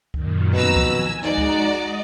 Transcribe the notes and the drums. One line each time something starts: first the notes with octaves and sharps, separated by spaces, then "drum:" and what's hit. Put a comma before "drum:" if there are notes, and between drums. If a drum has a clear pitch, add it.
F#2 A#2 D#3, drum: kick C#2
F2 B2 B4 A#5 E6 A#6
drum: kick C#2
G#5
G#3 D#4 F#4 D5 A#5
drum: kick C#2
D#5